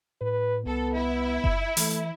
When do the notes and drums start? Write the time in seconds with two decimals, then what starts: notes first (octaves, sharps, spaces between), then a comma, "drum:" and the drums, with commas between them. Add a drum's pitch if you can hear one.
0.21 A2 B4
0.66 C2 B3 A4
0.95 E4 E5
1.44 drum: kick F#1
1.77 E3 A3, drum: open hi-hat